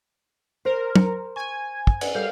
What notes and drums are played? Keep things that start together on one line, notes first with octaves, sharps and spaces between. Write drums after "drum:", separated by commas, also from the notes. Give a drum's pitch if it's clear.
A#4 C5
A#5 C#7, drum: tom
G#5 C#6 G#6
drum: kick
B4 D5 F#5, drum: cymbal
G3 A4 A#4 F5 G6